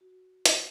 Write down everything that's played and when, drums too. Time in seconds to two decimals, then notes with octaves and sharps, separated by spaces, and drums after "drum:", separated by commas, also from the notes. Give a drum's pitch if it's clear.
0.01 F#4
0.46 drum: hi-hat